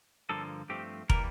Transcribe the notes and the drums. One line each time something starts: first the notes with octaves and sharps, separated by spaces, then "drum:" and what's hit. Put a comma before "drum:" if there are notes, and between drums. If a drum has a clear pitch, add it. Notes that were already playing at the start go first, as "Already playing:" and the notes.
G2 D3 F3 A#3 A4
G2 F3 A3 C4 G4
E3 G3 A#3 A#4, drum: kick